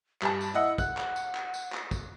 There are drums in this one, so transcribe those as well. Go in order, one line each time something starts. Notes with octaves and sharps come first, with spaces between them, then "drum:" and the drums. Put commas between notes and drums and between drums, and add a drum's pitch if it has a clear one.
G2 G4 A5, drum: clap
drum: tambourine
E4 D#5 F#5 E6
F#5 F#6, drum: kick, tambourine
drum: clap
drum: tambourine
drum: clap
drum: tambourine
drum: clap
drum: kick, tambourine